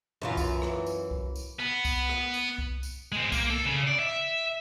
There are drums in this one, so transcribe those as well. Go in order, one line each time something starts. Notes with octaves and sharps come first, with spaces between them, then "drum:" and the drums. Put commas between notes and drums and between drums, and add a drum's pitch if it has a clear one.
F#2 E3 F4
drum: kick C2, tambourine
drum: rim click
drum: tambourine
drum: kick C2
drum: tambourine
B3
drum: kick C2, tambourine
drum: rim click
drum: tambourine
drum: kick C2
drum: tambourine
G#3 C4
A#3, drum: kick C2, tambourine
A4
C#3
D5
E5